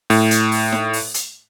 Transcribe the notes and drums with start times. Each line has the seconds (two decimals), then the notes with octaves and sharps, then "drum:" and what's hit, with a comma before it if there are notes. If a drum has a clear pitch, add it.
0.10 A2, drum: open hi-hat
0.31 drum: hi-hat
0.52 drum: open hi-hat
0.72 drum: snare D#4
0.93 drum: open hi-hat
1.14 drum: hi-hat